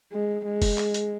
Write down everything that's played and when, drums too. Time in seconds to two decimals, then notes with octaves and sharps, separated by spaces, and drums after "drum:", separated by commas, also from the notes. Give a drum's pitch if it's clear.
0.12 G#3
0.45 G#3
0.62 drum: kick, open hi-hat
0.78 drum: clap
0.94 drum: hi-hat